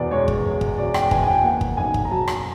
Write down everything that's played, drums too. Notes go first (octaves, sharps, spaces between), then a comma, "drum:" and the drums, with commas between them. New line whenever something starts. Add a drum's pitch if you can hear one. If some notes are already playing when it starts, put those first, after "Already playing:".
Already playing: E1 E2 B2 D5
G#3 C#5
drum: kick
E1
drum: kick
B2 D5
G5, drum: rim click
E2 G#5, drum: kick
G#5
G5
A#3 F#5
drum: kick
B1 G#5
drum: kick
A#5
F#3 A5
drum: rim click